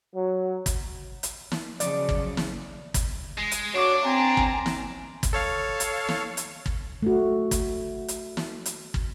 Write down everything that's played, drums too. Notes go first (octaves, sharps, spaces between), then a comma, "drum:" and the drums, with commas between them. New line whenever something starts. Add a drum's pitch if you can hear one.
F#3
drum: kick, hi-hat
drum: hi-hat
drum: snare
C#3 F3 F#3 D5, drum: hi-hat
drum: kick
drum: snare
drum: kick, hi-hat
G#3
drum: hi-hat
D4 F#4 C#5 D6
C4 G#5 A#5
drum: kick
drum: snare
drum: kick, hi-hat
A4 C#5 F5
drum: hi-hat
drum: snare
drum: hi-hat
drum: kick
A3 F#4
drum: kick, hi-hat
drum: hi-hat
drum: snare
drum: hi-hat
drum: kick